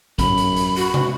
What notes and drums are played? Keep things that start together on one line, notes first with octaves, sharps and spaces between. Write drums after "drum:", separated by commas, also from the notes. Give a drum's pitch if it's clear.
F#2 B5, drum: kick A1, hi-hat
drum: hi-hat
drum: hi-hat
F#4, drum: hi-hat
drum: tom C3